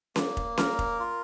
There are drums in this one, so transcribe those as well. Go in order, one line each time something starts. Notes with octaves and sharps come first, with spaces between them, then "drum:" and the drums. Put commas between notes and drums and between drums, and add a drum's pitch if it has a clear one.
A#3, drum: snare C#4
drum: kick F1
A#4, drum: snare C#4
drum: kick F1
F4